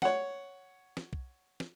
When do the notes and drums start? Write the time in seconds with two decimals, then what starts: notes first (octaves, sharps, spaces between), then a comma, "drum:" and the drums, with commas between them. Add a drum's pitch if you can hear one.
0.02 C#5 F#5, drum: snare
0.97 drum: snare
1.13 drum: kick
1.60 drum: snare